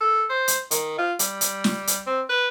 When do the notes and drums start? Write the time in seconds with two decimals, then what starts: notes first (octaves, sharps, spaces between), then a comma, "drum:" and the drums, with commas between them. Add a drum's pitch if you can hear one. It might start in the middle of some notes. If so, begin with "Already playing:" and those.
0.01 A4
0.30 C5
0.48 drum: hi-hat
0.71 D#3, drum: hi-hat
0.98 F4
1.19 G3, drum: hi-hat
1.41 drum: hi-hat
1.64 drum: snare
1.87 drum: hi-hat
2.06 C4
2.29 B4